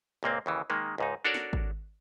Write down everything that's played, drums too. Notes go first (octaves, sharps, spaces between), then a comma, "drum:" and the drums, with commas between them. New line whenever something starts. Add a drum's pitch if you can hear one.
C#2 A#2 A#3 C4
D#2 C#3 E3
D#3 G#3 A#3
C#2 G#2 D#4
D4 F#4 A4 A#4 C#5 D5
drum: snare
drum: kick G#1